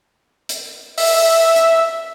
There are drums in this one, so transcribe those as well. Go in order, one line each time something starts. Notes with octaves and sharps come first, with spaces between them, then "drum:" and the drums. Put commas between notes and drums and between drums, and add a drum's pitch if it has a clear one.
drum: hi-hat
E5, drum: open hi-hat
drum: hi-hat